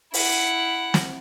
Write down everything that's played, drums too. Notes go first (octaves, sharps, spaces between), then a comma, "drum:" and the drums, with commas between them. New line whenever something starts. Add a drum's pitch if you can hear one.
E4 F#5, drum: open hi-hat
drum: snare